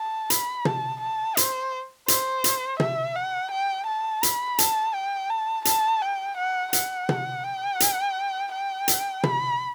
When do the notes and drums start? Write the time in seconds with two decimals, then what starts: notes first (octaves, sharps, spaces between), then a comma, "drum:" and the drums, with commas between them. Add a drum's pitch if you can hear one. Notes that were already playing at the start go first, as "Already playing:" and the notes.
Already playing: A5
0.30 B5, drum: hi-hat
0.65 A5, drum: tom
1.01 A5
1.37 C5, drum: hi-hat
2.08 C5, drum: hi-hat
2.44 drum: hi-hat
2.80 E5, drum: tom
3.16 F#5
3.51 G5
3.87 A5
4.23 B5, drum: hi-hat
4.58 A5, drum: hi-hat
4.94 G5
5.30 A5
5.65 A5, drum: hi-hat
6.02 G5
6.37 F#5
6.73 F#5, drum: hi-hat
7.09 drum: tom
7.44 G5
7.80 drum: hi-hat
8.52 G5
8.88 drum: hi-hat
9.23 B5, drum: tom